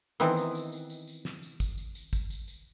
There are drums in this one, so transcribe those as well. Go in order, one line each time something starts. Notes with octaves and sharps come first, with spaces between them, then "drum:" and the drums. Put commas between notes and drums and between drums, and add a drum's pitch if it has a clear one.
D#3 E3 B3 C4
drum: tambourine
drum: tambourine
drum: tambourine
drum: tambourine
drum: tambourine
drum: snare
drum: tambourine
drum: kick, tambourine
drum: tambourine
drum: tambourine
drum: kick, tambourine
drum: tambourine
drum: tambourine